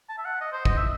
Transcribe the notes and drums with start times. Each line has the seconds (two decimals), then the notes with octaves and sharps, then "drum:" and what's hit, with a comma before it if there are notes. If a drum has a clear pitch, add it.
0.09 A5
0.19 E5
0.25 F#5
0.41 D#5
0.53 C5
0.65 D#5, drum: kick
0.77 E5